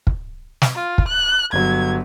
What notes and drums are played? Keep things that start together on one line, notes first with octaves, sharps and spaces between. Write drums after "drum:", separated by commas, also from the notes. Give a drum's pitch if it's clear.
drum: kick
drum: snare
F4
drum: kick
F#6
G1 F#3 G#6